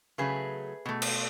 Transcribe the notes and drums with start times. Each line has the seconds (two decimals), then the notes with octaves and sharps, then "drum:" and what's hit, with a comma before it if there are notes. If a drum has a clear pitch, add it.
0.18 C#3 F#3 A3 G#4 B4
0.86 B2 A3
1.02 drum: cymbal